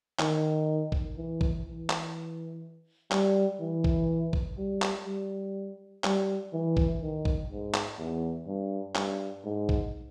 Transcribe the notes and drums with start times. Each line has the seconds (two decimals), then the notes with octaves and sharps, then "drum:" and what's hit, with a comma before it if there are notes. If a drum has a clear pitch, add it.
0.19 D#3, drum: clap
0.92 drum: kick A#1
1.17 E3
1.41 drum: kick A#1
1.65 E3
1.90 drum: clap
3.11 G3, drum: clap
3.60 E3
3.84 drum: kick A#1
4.33 drum: kick A#1
4.58 G3
4.82 drum: clap
5.06 G3
6.04 G3, drum: clap
6.53 E3
6.77 drum: kick A#1
7.02 D#3
7.25 drum: kick A#1
7.50 G#2
7.74 drum: clap
7.98 E2
8.47 G2
8.95 G2, drum: clap
9.44 G#2
9.69 drum: kick A#1